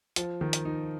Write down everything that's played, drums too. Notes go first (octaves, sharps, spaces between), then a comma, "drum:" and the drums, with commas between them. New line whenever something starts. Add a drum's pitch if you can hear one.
F3, drum: hi-hat
D#3
drum: hi-hat
D#4